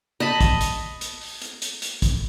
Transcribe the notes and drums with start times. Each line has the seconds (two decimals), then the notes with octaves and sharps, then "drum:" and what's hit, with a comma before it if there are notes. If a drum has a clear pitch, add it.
0.20 D#5 A5 B5
0.41 drum: kick, hi-hat
0.61 drum: hi-hat
1.01 drum: hi-hat
1.21 drum: open hi-hat
1.42 drum: hi-hat
1.62 drum: hi-hat
1.82 drum: hi-hat
2.02 drum: kick, hi-hat